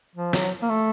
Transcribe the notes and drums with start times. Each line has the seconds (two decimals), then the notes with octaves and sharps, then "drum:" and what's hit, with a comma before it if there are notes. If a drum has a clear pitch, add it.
0.16 F3
0.33 F#3, drum: snare
0.62 A#3
0.70 A3